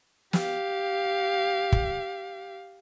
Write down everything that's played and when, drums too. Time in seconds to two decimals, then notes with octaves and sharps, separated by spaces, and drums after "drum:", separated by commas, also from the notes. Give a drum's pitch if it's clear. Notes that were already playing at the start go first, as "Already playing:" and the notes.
0.33 G4 F5, drum: snare
1.72 drum: kick